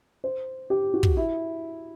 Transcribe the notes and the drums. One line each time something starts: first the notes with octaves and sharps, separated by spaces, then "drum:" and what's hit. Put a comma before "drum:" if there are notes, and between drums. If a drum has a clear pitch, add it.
C5
G4
F#4
drum: kick
E4